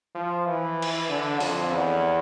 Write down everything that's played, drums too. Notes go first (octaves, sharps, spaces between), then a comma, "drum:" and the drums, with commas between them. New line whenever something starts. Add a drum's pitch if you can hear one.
F3
E3
drum: cymbal
D3
F2, drum: open hi-hat
E2